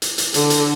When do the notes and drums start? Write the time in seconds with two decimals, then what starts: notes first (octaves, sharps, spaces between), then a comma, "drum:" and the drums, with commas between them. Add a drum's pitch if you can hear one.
0.02 drum: hi-hat
0.18 drum: hi-hat
0.34 D3, drum: hi-hat
0.50 drum: hi-hat